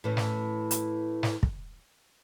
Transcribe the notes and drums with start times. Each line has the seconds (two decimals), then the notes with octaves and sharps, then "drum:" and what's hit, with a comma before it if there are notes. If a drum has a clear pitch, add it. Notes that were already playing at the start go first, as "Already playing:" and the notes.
0.04 A2 E3 C#4
0.17 drum: snare
0.71 drum: hi-hat
1.23 drum: snare
1.43 drum: kick